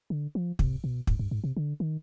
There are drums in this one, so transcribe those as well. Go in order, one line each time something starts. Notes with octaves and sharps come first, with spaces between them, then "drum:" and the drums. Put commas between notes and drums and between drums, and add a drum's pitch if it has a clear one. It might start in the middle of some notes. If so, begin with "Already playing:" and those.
D3
F3
C3, drum: kick
B2
G#2, drum: kick
G2
G#2
C3
D3
D#3